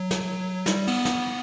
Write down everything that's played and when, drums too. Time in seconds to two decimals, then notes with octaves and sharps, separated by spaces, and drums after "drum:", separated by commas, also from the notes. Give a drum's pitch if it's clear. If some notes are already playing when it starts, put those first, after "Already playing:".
Already playing: F#3
0.11 drum: snare
0.66 G3, drum: snare
0.88 B3, drum: cymbal
1.05 drum: snare